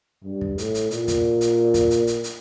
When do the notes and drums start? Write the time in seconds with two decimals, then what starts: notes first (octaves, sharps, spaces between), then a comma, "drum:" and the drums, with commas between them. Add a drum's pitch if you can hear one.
0.24 G2
0.41 drum: kick
0.58 A2, drum: hi-hat
0.75 drum: hi-hat
0.91 A#2, drum: hi-hat
1.08 drum: kick, hi-hat
1.41 drum: hi-hat
1.74 drum: kick, hi-hat
1.91 drum: hi-hat
2.07 drum: hi-hat
2.24 drum: hi-hat